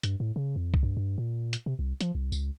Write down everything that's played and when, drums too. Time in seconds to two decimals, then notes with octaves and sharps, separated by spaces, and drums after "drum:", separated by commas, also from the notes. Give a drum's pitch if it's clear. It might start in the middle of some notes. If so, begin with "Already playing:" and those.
0.03 G2, drum: hi-hat
0.20 A2
0.36 C#3
0.56 F2
0.74 drum: kick C2
0.83 G2
0.97 G2
1.18 A#2
1.53 drum: hi-hat
1.66 C3
1.79 C2
2.01 F3, drum: hi-hat
2.15 C2
2.32 C#2, drum: tambourine